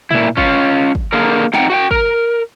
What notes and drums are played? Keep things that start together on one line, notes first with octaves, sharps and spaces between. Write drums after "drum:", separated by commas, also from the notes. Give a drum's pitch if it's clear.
A#2 E4, drum: tom
C#4 F4, drum: kick
drum: kick
D3 A#3 G#4 A#4
C4 D#4 F#5 G5, drum: snare
F#4 F#5 G5
A#4, drum: kick